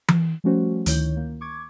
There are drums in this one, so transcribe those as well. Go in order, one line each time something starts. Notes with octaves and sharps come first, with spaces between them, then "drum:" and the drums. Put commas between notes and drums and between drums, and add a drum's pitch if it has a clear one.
drum: tom E3
F3 G3 A3 C#4 F#4 C5
D2 D#3 E4 C#5 G6, drum: hi-hat
A#3
C#6 D6 G#6